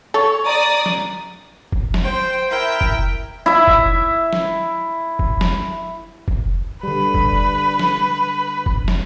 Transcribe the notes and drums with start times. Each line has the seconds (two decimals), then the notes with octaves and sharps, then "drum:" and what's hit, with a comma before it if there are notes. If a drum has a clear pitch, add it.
0.14 A4 C#5 C#6
0.47 D5 A#5 D#6
0.86 drum: snare
1.72 drum: kick
1.94 drum: snare
2.03 C5 G5
2.51 E4 A#4 E5 G5
2.81 drum: kick
3.46 E4 E5
3.68 drum: kick
4.33 drum: snare
5.19 drum: kick
5.41 drum: snare
6.28 drum: kick
6.83 D3 G3 B4
7.14 drum: kick
7.79 drum: snare
8.66 drum: kick
8.88 drum: snare